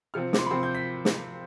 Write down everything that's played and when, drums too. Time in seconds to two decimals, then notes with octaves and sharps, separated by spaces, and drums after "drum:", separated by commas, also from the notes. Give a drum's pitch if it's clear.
0.14 C3 F3 C4 F6
0.33 D6, drum: snare
0.39 C6
0.46 B5
0.50 C3 F3 C4 C6
0.63 G6
0.75 B6
1.05 drum: snare